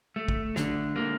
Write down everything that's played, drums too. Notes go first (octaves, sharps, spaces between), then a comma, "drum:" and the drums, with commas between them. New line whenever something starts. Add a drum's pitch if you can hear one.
A3
drum: kick
D3, drum: snare
A#3